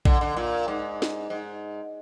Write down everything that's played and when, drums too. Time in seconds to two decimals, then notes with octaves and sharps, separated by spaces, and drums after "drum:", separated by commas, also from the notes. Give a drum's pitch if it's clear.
0.05 D3, drum: kick A#1
0.21 D3
0.37 A#2
0.68 G#2
1.02 drum: snare
1.30 G#2